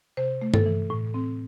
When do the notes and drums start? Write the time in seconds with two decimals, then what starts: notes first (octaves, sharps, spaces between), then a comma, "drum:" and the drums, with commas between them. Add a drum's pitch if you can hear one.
0.17 C3 C5
0.42 A3
0.54 A4, drum: tom G2
0.66 E3
0.90 A2
1.14 C4